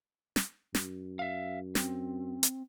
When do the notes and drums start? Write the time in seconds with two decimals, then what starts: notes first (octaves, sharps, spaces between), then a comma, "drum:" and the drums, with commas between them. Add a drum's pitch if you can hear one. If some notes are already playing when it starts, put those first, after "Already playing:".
0.36 drum: snare
0.75 F#2, drum: snare
1.19 E5 F5
1.75 C4, drum: snare
2.43 drum: hi-hat